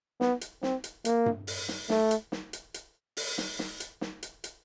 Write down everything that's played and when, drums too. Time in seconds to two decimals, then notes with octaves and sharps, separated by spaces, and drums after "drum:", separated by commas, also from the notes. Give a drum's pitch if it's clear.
0.21 B3, drum: snare
0.41 drum: hi-hat
0.63 C4, drum: snare
0.84 drum: hi-hat
1.05 A#3, drum: hi-hat
1.26 drum: tom G2
1.47 drum: open hi-hat
1.68 drum: snare
1.90 A3, drum: snare
2.11 drum: hi-hat
2.32 drum: snare
2.53 drum: hi-hat
2.74 drum: hi-hat
3.17 drum: open hi-hat
3.38 drum: snare
3.59 drum: snare
3.80 drum: hi-hat
4.01 drum: snare
4.23 drum: hi-hat
4.44 drum: hi-hat